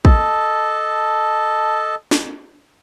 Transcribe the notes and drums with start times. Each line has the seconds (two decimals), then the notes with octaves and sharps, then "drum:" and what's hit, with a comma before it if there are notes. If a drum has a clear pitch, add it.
0.05 A4 D#5 A5, drum: kick
2.11 drum: snare